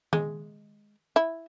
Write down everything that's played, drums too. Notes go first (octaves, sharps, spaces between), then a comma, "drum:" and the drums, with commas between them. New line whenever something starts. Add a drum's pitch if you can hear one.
G#3, drum: tom D#3
E4